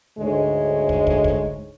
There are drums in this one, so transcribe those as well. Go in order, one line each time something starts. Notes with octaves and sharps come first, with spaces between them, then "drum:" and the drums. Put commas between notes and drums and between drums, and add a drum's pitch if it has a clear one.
D2 G#2 D3 G#3 C#5
drum: kick
drum: kick
drum: kick